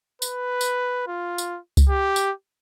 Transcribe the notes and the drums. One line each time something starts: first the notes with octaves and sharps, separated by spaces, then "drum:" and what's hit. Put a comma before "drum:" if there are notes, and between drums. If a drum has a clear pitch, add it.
B4, drum: tambourine
drum: tambourine
F4
drum: tambourine
drum: kick C#2, tambourine
G4
drum: tambourine